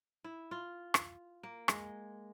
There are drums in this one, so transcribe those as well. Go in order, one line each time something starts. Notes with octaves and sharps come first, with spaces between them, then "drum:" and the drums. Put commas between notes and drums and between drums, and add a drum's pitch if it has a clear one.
E4
F4
drum: rim click
A#3
G#3, drum: rim click